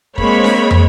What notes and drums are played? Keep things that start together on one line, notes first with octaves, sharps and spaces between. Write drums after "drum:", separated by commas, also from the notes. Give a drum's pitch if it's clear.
G#3 A#3 C4 C#5 B5, drum: kick
drum: snare D4
drum: tom